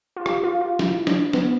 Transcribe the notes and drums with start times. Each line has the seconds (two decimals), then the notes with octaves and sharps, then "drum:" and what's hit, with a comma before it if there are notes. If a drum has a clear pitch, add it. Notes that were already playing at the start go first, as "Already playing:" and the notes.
0.16 F4
0.26 G4, drum: rim click
0.44 F4
0.61 F4
0.79 E4, drum: snare
1.07 D4, drum: snare
1.33 B3, drum: snare